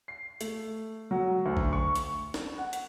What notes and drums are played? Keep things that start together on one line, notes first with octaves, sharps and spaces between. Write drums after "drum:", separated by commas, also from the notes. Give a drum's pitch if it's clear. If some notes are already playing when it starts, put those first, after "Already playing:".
C7
A3, drum: hi-hat
F#3
D2
drum: kick A1
C#6
drum: hi-hat
drum: snare
F#5
drum: hi-hat